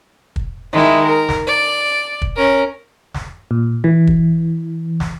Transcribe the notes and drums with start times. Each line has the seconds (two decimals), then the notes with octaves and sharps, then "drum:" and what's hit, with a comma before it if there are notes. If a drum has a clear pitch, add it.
0.36 drum: kick
0.73 D#3 G#3 E4
1.04 A#4
1.29 drum: snare
1.46 D5
2.22 drum: kick
2.36 C#4 A#4
3.14 drum: snare
3.51 A#2
3.84 E3
4.07 drum: kick
5.00 drum: snare